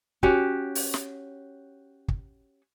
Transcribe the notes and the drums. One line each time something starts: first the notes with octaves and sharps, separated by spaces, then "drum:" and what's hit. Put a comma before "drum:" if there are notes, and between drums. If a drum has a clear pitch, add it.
C#4 F#4 G4, drum: kick
drum: open hi-hat
drum: snare
drum: kick